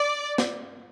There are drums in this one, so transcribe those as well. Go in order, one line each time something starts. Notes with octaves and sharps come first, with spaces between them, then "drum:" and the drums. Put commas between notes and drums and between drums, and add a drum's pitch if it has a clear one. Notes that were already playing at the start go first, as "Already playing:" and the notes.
Already playing: D5
drum: snare